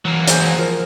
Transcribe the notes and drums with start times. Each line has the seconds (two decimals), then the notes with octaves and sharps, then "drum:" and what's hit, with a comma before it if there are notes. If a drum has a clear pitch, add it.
0.05 E3 F#3 A#3
0.28 G#3 C5, drum: hi-hat
0.58 F3 A#4